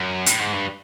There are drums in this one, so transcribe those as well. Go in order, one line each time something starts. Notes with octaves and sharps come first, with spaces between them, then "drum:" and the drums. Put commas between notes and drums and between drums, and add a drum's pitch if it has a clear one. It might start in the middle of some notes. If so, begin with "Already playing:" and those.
Already playing: F#2
A2, drum: hi-hat
G#2
G2